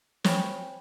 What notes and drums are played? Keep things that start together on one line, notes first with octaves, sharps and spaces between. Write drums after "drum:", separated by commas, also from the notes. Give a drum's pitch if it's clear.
C5 C#5 G5 G#5 B5 C#6, drum: snare